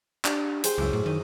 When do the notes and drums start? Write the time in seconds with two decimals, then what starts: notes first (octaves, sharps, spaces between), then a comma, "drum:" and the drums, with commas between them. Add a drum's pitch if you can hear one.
0.25 D4 G4, drum: clap
0.64 G#4 C5 G5, drum: hi-hat
0.78 C#2 F#2 E4 D6
0.93 A2
1.06 D#3 D#5